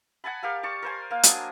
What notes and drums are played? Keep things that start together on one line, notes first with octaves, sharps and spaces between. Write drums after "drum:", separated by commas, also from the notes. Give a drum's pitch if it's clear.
F#5 G#5 A5 B5
G4 A#4 F5 A5
D5 A5 C#6
A#4 C5 G#5
A#3 F5
F#3 D4 G#5 D#6, drum: hi-hat